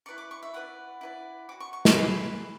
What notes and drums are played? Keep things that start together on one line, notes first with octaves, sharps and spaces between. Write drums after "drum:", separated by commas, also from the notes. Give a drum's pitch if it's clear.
E4 B4 D5 C#6
D6
C#6
E5
E4 B4 D5 F#5
E4 B4 D5
F#4 C#5 D6
C#6
C#6
B5, drum: snare
G#4 B4 D5 B5